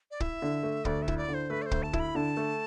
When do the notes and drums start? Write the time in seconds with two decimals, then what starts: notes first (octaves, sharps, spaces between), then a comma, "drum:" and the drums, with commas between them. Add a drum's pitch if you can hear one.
0.11 D5
0.20 E4 E5, drum: kick
0.42 D3
0.63 A3
0.85 D2 D5, drum: kick
1.02 E5
1.08 E4, drum: kick
1.17 D5
1.28 D3
1.34 C5
1.50 A3 B4
1.62 D5
1.66 C5
1.71 D2, drum: kick
1.83 A5
1.93 E4, drum: kick
2.00 B5
2.15 D3 A5
2.37 A3